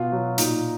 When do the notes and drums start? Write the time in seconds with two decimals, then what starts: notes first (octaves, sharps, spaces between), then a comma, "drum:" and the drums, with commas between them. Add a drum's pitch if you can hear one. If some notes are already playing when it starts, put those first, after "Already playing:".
Already playing: B2 F4
0.12 F#3
0.38 A#2 D#4, drum: hi-hat